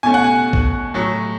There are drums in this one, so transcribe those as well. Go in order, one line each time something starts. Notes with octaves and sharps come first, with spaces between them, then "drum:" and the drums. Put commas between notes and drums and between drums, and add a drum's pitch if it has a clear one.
B2 A3 C#4 G#5
F#5
G#5
drum: kick
A2 F#3 A3